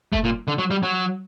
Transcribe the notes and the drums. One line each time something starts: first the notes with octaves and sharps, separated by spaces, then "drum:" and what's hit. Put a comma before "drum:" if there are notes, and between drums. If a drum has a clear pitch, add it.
A3, drum: kick F#1
A#2
D3
F#3
G3
F#3